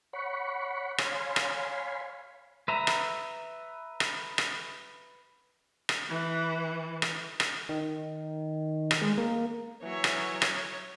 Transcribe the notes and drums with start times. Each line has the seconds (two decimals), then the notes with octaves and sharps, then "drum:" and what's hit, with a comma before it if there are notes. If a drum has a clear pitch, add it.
0.13 C#5 F#5 B5 C#6
0.98 C#5 F5 G#5 B5 C6, drum: rim click
1.36 drum: rim click
2.68 B4 E5 A#5
2.87 drum: rim click
4.00 drum: rim click
4.38 drum: rim click
5.89 drum: rim click
6.09 E3
7.02 drum: rim click
7.40 drum: rim click
7.69 D#3
8.91 drum: rim click
9.02 G#3
9.18 A#3
9.83 E3 F#3 C#5 E5
10.04 drum: rim click
10.42 drum: rim click